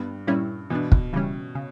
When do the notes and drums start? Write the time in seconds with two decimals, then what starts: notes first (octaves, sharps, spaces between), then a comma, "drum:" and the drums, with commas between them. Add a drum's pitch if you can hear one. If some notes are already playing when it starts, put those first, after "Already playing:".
Already playing: G2 G3 B3
0.27 A#2 G3 C#4 E4
0.70 B2 E3 B3 D4
0.92 drum: kick
1.13 C#3 E3 G3 C#4
1.55 C#3